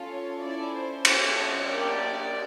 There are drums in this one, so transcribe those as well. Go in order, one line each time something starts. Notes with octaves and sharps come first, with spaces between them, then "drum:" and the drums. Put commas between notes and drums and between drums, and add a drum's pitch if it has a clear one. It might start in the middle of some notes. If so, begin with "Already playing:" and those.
Already playing: C#4 F4 A4
C#5
C#4 E4 A4 D5
C5
C#4 F#4 A4, drum: cymbal
C#5
A#3 D4 G4 D5